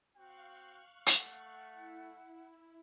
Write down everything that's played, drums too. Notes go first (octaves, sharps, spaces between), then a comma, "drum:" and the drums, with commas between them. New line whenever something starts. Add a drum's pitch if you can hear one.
C4 F#4 F5 G5 C#6 F#6
A3 F#5, drum: hi-hat
E4